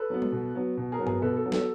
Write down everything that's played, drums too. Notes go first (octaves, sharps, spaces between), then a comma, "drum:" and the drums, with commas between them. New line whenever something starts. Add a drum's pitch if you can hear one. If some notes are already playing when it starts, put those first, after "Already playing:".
Already playing: A4 B4
F#3 B3
drum: tom G3
B2
F#3 B3
B2
G#4 A#4
F#3 B3
G#4 A#4, drum: tom G2
B2 A4 B4
A4
F#3 B3
A4, drum: snare